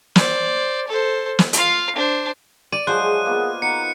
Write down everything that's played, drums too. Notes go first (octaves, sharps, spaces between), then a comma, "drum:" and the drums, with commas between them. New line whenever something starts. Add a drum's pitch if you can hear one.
C5 D5, drum: snare
A4 C5
drum: snare
F4 F5, drum: hi-hat
D4 C5
D5 D#7
F3 F#3 G#3 G#4 C5 F#6
A#3 B3 F4
D#3 B3 A#5 C#7